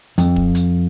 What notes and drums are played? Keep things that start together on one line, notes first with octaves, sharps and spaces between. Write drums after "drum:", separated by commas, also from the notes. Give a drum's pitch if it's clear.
F2, drum: hi-hat
drum: kick
drum: hi-hat